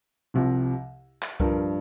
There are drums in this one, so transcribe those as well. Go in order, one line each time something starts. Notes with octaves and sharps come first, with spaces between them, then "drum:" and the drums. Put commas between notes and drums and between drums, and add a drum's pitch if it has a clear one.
C2 C3 F3
drum: clap
G2 F3 A#4, drum: kick C2